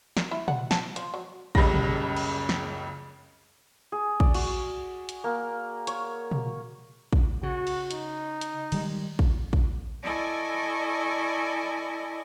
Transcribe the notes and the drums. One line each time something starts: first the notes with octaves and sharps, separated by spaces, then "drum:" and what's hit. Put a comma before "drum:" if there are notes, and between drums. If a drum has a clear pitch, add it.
A#4, drum: snare
E4
F#5, drum: tom
A5, drum: snare
F3, drum: hi-hat
F#3
F#1 C#2 C#3 G3 B5 A#6, drum: kick
drum: tom
drum: cymbal
drum: snare
G#4
D5, drum: kick
F#4, drum: cymbal
drum: hi-hat
A#3
C#5, drum: hi-hat
drum: tom
drum: kick
C#3 F#4
drum: cymbal
D#4, drum: hi-hat
drum: hi-hat
D#3 G3 G#3, drum: cymbal
drum: kick
drum: kick
E4 A4 D5 D#5 G#5 C#6